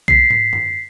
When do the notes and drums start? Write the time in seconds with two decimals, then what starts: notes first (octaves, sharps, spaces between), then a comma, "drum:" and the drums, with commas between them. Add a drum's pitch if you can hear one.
0.08 B6 C7, drum: kick C2
0.30 drum: tom
0.53 drum: tom